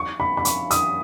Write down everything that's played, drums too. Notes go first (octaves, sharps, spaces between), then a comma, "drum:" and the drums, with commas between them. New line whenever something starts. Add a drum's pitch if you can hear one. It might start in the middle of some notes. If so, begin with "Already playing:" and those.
Already playing: C#6
B5
B5
C#6, drum: hi-hat
D#6, drum: hi-hat